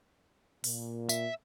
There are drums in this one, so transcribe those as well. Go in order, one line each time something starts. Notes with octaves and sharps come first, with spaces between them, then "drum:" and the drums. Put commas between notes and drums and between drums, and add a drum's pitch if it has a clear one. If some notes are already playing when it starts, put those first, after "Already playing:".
A#2, drum: open hi-hat
E5, drum: tambourine